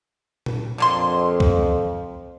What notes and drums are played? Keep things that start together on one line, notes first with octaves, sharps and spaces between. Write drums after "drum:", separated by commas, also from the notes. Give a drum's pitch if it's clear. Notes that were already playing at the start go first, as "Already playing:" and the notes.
drum: tom A#2
F2 D3 A#3 C6
drum: kick C#2